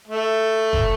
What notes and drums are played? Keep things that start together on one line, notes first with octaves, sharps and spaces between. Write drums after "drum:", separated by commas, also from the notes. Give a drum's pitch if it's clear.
A3
drum: kick F1